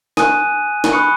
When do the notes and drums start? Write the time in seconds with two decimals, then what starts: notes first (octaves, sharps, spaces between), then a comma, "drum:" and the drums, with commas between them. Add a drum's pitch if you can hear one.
0.17 G#5 D#6 F#6 D#7, drum: snare
0.84 drum: snare
0.93 B5 C#6 D#6 F#6 C#7